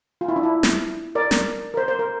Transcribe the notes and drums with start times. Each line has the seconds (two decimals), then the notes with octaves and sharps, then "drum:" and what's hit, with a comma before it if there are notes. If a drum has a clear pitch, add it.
0.21 F4
0.28 E4
0.36 D4
0.43 E4
0.63 drum: snare
1.15 A#4 D5
1.31 drum: snare
1.74 A#4
1.77 C5
1.88 C5
1.99 A#4